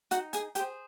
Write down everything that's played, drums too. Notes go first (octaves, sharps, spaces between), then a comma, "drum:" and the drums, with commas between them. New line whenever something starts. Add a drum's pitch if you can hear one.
D#4 F#4 F#5, drum: hi-hat
G#4 G#5, drum: hi-hat
G4 G#4 C5 G5, drum: hi-hat